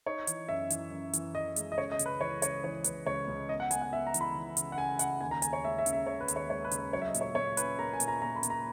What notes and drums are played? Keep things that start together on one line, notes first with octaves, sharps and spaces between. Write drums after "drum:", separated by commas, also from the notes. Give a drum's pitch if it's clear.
D#4 C#5
E3, drum: hi-hat
F#2 E5
E3, drum: hi-hat
F#2
E3, drum: hi-hat
E3 D#5
G#3, drum: hi-hat
D#5
C#3 C#5
D#5
C#2, drum: hi-hat
B4
E3 C#5
C#3 C#5, drum: hi-hat
E3 C#5
C#2 B4, drum: hi-hat
C#2 C#5
C#2
B3 D#5
F#5
B3 G#5, drum: hi-hat
F#5
B3 E5
A#5
E3, drum: hi-hat
B5
E3
C#3, drum: hi-hat
F#5
C#3 G#5
C#3 F#5, drum: hi-hat
D#2 G#5
A#5
D#2 G#5, drum: hi-hat
C#5
G#3 E5
E5
C#3, drum: hi-hat
E5
C#3 C#5
B4
D#2, drum: hi-hat
C#5
G#3 C#5
B4
C#3, drum: hi-hat
B4
F#3 C#5
E5
D#5
A#2, drum: hi-hat
C#5
A#2 C#5
C#4 B4, drum: hi-hat
A#3 A#5
G#5
A#2, drum: hi-hat
A#5
A#2 A#5
B5
A#2, drum: hi-hat
A#5